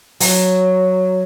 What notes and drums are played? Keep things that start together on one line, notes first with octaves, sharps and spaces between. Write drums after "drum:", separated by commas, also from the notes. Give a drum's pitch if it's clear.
F#3, drum: open hi-hat